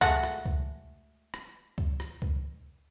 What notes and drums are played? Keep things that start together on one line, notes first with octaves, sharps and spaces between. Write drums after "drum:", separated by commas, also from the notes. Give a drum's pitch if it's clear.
G#3 A3 F#4, drum: kick C#2
drum: rim click
drum: kick C#2
drum: rim click
drum: kick C#2
drum: rim click
drum: kick C#2